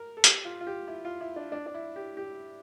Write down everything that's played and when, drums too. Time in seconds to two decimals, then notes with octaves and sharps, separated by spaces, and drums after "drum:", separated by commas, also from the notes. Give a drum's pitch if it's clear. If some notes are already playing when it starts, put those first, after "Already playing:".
Already playing: A#4
0.17 A4
0.24 G4, drum: hi-hat
0.45 F4
0.61 F4
0.67 G4
0.88 E4
1.05 F4
1.21 E4
1.36 D4
1.52 D4
1.66 D4
1.74 E4
1.96 G4
2.17 G4